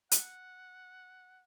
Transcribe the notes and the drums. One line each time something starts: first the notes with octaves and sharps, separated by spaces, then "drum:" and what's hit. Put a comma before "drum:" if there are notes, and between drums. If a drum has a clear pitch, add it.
F#5, drum: hi-hat